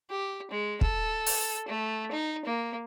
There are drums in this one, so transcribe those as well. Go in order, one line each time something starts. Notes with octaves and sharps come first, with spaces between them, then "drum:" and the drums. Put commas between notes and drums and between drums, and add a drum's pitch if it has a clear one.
G4
G#3
A4, drum: kick
drum: open hi-hat
A3
D#4
A#3